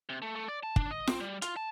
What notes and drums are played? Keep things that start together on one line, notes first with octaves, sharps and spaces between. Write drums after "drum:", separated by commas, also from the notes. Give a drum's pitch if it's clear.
C3
A3
A3
D5
A5
D4, drum: kick
D#5
C4, drum: snare F4
G3
F4, drum: hi-hat
A5